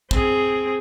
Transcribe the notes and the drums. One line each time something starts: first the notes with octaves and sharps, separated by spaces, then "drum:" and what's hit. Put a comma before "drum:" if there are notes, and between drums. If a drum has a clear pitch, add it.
C4 G#4, drum: kick